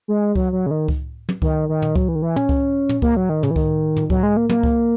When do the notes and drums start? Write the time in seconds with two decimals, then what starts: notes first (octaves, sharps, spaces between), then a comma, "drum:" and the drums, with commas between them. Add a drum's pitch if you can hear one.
0.08 G#3
0.35 F#3, drum: kick C#2
0.52 F#3
0.66 C#3
0.71 D#3
0.88 drum: kick C#2
1.29 drum: tom
1.42 D#3, drum: kick C#2
1.69 D#3
1.82 drum: tom
1.96 F#3, drum: kick C#2
2.08 E3
2.15 D#3
2.22 E3
2.36 C#4, drum: tom
2.49 drum: kick C#2
2.89 drum: tom
3.02 A#3, drum: kick C#2
3.17 F#3
3.29 D#3
3.43 C#3, drum: tom
3.51 E3
3.56 D#3, drum: kick C#2
3.96 drum: tom
4.10 F#3, drum: kick C#2
4.23 G#3
4.37 A#3
4.49 A#3, drum: tom
4.63 drum: kick C#2